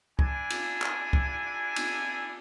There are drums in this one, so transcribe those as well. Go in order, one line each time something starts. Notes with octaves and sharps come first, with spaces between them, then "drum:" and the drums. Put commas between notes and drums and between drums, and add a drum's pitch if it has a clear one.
D4 E4 G#5, drum: kick
drum: cymbal
drum: clap
drum: kick
drum: cymbal